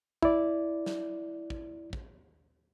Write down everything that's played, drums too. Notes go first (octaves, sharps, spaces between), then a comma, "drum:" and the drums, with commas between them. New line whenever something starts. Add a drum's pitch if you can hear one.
E4 D5, drum: kick
drum: snare
drum: kick
drum: kick